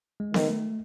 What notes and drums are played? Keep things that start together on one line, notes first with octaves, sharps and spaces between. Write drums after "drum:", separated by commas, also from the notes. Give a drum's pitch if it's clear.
G#3
D#3, drum: snare B3
A3